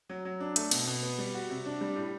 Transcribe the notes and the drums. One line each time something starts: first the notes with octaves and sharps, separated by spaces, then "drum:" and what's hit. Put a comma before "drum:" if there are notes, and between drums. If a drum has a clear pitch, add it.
F#3
F#3
D4
A3, drum: hi-hat
B2, drum: cymbal
B2
B3
G3
F#4
C3
D4
G3
A2